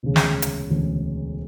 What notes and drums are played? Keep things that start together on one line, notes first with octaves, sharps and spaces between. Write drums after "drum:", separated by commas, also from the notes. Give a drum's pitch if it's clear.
E1 D2 C#3
drum: snare
drum: hi-hat
E1 D2 C#3